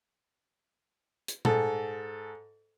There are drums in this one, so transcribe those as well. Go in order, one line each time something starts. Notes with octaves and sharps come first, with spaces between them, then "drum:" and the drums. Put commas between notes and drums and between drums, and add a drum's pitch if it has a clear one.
drum: hi-hat
G#2 A4, drum: tom